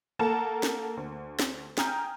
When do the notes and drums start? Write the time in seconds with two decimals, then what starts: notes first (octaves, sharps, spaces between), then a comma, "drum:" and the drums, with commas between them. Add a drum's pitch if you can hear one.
0.19 A#3 A4 F#5 A5 A#5 E7
0.63 drum: snare
0.97 D2
1.39 drum: snare
1.78 G5 G#5 A#5 D#6 F6 G6, drum: snare